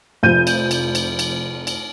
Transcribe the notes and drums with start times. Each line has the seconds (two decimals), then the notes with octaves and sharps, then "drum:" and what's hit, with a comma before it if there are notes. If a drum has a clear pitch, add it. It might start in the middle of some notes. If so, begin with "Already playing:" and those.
0.23 F1 F3 G6 D#7
0.47 drum: cymbal
0.71 drum: cymbal
0.95 drum: cymbal
1.19 drum: cymbal
1.67 drum: cymbal